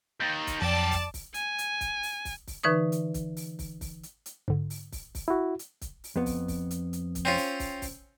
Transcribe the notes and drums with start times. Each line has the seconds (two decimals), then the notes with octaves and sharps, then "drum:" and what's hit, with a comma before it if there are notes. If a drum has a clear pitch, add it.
0.20 D#2 D#3 G6 A6 A#6
0.47 drum: kick, hi-hat
0.62 F2 F#3 D5 G5 A5
0.92 drum: kick, open hi-hat
1.14 drum: kick, open hi-hat
1.34 G#5, drum: hi-hat
1.58 drum: hi-hat
1.81 drum: kick, hi-hat
2.03 drum: open hi-hat
2.25 drum: kick, open hi-hat
2.47 drum: kick, open hi-hat
2.63 D3 E3 D#4 B4 C#6 D#6
2.92 drum: hi-hat
3.14 drum: kick, hi-hat
3.37 drum: open hi-hat
3.59 drum: kick, open hi-hat
3.81 drum: kick, open hi-hat
4.03 drum: hi-hat
4.26 drum: hi-hat
4.48 G#2 D3, drum: kick
4.70 drum: open hi-hat
4.92 drum: kick, open hi-hat
5.15 drum: kick, open hi-hat
5.28 E4 F#4
5.59 drum: hi-hat
5.81 drum: kick, hi-hat
6.04 drum: open hi-hat
6.16 F2 B3
6.26 drum: kick, open hi-hat
6.48 drum: kick, open hi-hat
6.71 drum: hi-hat
6.93 drum: hi-hat
7.15 drum: kick, hi-hat
7.25 C4 C#4 F4
7.37 drum: open hi-hat
7.60 drum: kick, open hi-hat
7.82 drum: kick, open hi-hat